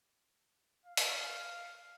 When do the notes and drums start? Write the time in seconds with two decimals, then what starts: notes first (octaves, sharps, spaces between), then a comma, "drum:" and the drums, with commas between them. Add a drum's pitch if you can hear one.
0.86 F5
0.97 drum: open hi-hat